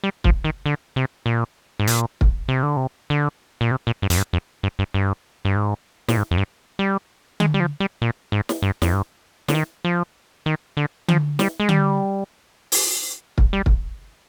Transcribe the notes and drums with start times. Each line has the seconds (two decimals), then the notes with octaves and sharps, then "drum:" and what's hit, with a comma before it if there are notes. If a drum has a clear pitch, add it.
0.04 G3
0.24 F3, drum: kick
0.44 D#3
0.66 D3
0.96 C3
1.26 A#2
1.80 G#2
1.87 A#2, drum: hi-hat
2.21 drum: kick
2.48 C3
2.63 D3
2.77 C3
3.10 D3
3.61 A#2
3.71 C3
3.87 A#2
4.02 G2
4.10 F2, drum: hi-hat
4.18 G2
4.33 F2
4.63 G2
4.79 G2
4.94 G2
5.45 G2
5.56 G#2
6.09 A#2, drum: snare
6.17 G#2
6.31 F2
6.38 G2
6.79 G3
7.40 G#3, drum: tom D3
7.54 G3
7.60 F3
7.80 G3
8.02 A#2
8.32 G#2
8.49 drum: snare
8.62 G2
8.82 F2, drum: snare
8.93 G2
9.48 D3, drum: snare
9.54 D#3
9.85 F3
10.46 D#3
10.77 D3
11.08 F3, drum: tom D3
11.39 G3, drum: snare
11.60 G#3
11.69 G3, drum: tom D3
12.72 drum: open hi-hat
13.38 drum: kick
13.53 G3
13.66 drum: kick